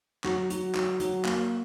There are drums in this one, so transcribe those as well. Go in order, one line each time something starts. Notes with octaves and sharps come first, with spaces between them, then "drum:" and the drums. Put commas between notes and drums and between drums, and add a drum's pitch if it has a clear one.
F#3 F#4, drum: clap
F#3, drum: hi-hat
F#3, drum: clap
F#3, drum: hi-hat
A#3, drum: clap